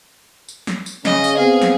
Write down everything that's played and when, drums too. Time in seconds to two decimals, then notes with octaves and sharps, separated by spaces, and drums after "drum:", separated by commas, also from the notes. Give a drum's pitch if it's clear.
0.49 drum: tambourine
0.67 drum: snare
0.86 drum: tambourine
1.05 C#3 D#5, drum: snare
1.24 drum: tambourine
1.37 B3 C4 G#4 F5
1.62 drum: snare